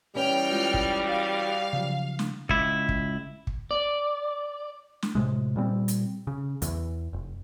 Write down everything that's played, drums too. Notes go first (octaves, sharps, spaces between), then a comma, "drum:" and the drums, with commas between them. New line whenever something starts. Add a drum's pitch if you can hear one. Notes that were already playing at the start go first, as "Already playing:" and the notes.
E3 G3 C#4 G5 F6
G#3 F4
drum: kick
F#4 F5
C#3 F3 F#3
drum: snare
C#2 E4, drum: kick
drum: kick
drum: kick
D5
drum: snare
A2 C3 G#3
A#2 G3 B3 C4
drum: hi-hat
C#3
E2 E3, drum: hi-hat
F1